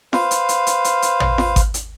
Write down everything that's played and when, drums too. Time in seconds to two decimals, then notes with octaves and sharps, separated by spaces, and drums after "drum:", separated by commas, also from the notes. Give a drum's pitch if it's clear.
0.13 B4 C5 F5, drum: snare
0.31 drum: hi-hat
0.49 drum: hi-hat
0.67 drum: hi-hat
0.84 drum: hi-hat
1.02 drum: hi-hat
1.20 drum: tom
1.38 drum: snare
1.56 drum: kick G#1, hi-hat
1.74 drum: hi-hat